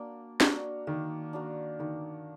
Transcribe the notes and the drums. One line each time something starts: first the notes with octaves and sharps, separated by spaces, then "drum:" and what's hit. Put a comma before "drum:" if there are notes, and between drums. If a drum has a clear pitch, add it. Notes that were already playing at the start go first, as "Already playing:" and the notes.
Already playing: A#3 D4 F#4
D4 F#4 A#4, drum: snare
D#3 A#3
D4 F#4 A#4
D#3 A#3